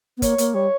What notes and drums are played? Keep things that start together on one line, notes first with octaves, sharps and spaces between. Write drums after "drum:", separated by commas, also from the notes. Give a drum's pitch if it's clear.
B3
A#3 C#5, drum: kick, hi-hat
A#3, drum: hi-hat
G3 C#5